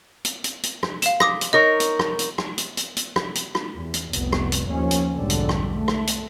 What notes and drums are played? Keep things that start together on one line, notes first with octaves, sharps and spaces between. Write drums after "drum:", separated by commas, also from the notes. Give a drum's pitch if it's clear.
drum: hi-hat
drum: hi-hat
drum: hi-hat
drum: rim click
F5 E7, drum: hi-hat
D6 D#6 A#6, drum: rim click
drum: hi-hat
D#4 A#4 C#5 D#5
drum: hi-hat
drum: rim click
drum: hi-hat
drum: rim click
drum: hi-hat
drum: hi-hat
drum: hi-hat
drum: rim click
drum: hi-hat
drum: rim click
E2
drum: hi-hat
F1 C2 B3, drum: hi-hat
drum: rim click
drum: hi-hat
D#2 F3 C#4
drum: hi-hat
B1 F2 G#2 D3 G3
drum: hi-hat
drum: rim click
A3
drum: rim click
drum: hi-hat